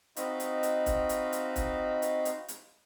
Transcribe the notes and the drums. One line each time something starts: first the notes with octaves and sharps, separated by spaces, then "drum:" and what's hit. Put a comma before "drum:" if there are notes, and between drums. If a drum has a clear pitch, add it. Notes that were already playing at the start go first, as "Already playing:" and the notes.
C4 D#4 F#4 D#5 F5 B5, drum: hi-hat
drum: hi-hat
drum: hi-hat
drum: kick C#1, hi-hat
drum: hi-hat
drum: hi-hat
drum: kick C#1, hi-hat
drum: hi-hat
drum: hi-hat
drum: hi-hat